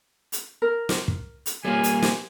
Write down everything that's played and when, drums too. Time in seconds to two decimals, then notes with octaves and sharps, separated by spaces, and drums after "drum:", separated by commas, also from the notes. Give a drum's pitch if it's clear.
0.32 drum: hi-hat
0.62 A#4
0.89 drum: snare
1.08 drum: kick
1.46 drum: hi-hat
1.65 G3 A#3 F4 C#5 G#5
1.84 drum: hi-hat
2.02 drum: snare